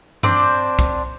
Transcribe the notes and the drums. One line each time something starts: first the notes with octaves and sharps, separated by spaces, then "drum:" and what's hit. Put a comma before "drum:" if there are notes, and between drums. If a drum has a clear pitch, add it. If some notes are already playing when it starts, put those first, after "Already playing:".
C4 D4 C5 D5, drum: tom G2
drum: kick, hi-hat